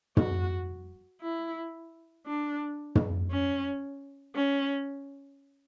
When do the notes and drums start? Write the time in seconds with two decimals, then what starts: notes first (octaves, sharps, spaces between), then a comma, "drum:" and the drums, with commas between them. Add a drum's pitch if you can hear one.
0.17 F#4, drum: tom
1.21 E4
2.26 D4
2.95 drum: tom
3.31 C#4
4.35 C#4